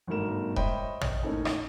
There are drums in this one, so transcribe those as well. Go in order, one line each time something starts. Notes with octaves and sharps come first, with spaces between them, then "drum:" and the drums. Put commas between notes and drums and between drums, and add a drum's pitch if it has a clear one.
G1 G#2 B2 A3 A#4 E7
C5 C#5 D#5 E5 G5 B5, drum: kick E1
drum: tom
A2 A#3 C#4 D#4 A4
drum: rim click